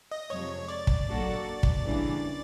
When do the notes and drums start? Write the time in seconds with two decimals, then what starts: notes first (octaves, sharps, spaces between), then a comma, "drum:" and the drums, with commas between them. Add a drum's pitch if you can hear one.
0.11 D#5
0.30 F2 C3 F3 G#3 C#5
0.68 D5
0.87 drum: kick
1.06 F#3 A#3 D4 F#4 A4
1.63 drum: kick
1.82 C#3 E3 G3 A#3 D4